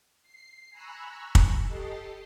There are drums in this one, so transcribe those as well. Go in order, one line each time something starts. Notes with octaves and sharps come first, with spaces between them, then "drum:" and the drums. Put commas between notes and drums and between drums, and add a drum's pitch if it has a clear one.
C7
G#5 A#5 B5 C#6 E6 F#6
drum: kick
G4 A4 D#5 A5 C7